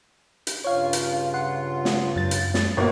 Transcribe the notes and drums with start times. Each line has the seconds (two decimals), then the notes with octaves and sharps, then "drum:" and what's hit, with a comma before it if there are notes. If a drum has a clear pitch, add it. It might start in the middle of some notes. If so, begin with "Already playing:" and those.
0.47 drum: hi-hat
0.64 G2 C#3 F4 C#5 F5
0.93 drum: hi-hat
1.34 F#5 C6
1.85 drum: snare
2.16 F#2 A6
2.31 drum: hi-hat
2.54 drum: snare
2.77 G1 A#3